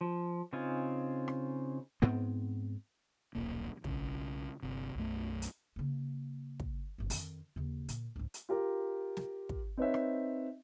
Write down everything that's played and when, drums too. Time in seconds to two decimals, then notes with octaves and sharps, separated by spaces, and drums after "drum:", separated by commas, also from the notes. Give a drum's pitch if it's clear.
0.01 F3
0.53 C#3 C4 D#4 F4 G#5
1.28 drum: rim click
2.02 G#2 B3 C4
3.35 D#1 B1 A#3
3.84 B1 C#3, drum: kick
4.62 G1 C3
4.95 B1 F#2 A3
5.42 drum: hi-hat
5.76 C#3 A#3
6.60 drum: kick
6.98 D1 G1
7.10 F2 D#3, drum: open hi-hat
7.56 D#2 C#3
7.89 A#2, drum: hi-hat
8.16 C#2 G#2
8.34 drum: hi-hat
8.49 F4 G4 A#4
9.17 drum: snare
9.49 drum: kick
9.77 C4 D#4 B4 C#5 E5
9.94 drum: rim click